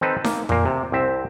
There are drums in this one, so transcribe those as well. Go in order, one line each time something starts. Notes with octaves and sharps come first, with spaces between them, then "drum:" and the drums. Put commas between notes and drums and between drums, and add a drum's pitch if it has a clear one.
C4 D#4 A4 B4
A#3, drum: snare D#4
A#2 A#3, drum: tom F2
C3
C2 C4 E5